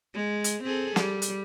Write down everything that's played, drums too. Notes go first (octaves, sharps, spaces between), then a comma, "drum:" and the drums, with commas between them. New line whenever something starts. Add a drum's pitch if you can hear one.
G#3
drum: hi-hat
C4 G#4 A4
G3, drum: snare
drum: hi-hat